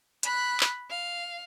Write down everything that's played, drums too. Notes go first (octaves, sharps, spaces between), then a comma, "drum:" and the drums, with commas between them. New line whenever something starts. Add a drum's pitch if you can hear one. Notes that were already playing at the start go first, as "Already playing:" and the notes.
B5 F#6, drum: hi-hat
drum: clap
F5